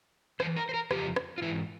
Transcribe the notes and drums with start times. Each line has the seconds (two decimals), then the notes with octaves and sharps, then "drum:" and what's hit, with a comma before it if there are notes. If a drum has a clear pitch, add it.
0.40 E2 E3 C5, drum: rim click
0.56 A#4
0.69 C5
0.74 A#4
0.91 F2 C#3 F3 G4, drum: rim click
1.16 drum: rim click
1.38 F4
1.42 G#2 E3 E4